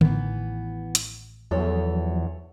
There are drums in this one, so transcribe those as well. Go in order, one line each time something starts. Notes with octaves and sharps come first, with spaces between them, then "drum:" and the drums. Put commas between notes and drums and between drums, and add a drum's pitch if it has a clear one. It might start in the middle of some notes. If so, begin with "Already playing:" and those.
A1 D#3 E3 B3, drum: tom D3
drum: hi-hat
E2 F3 F#3 A4 C#5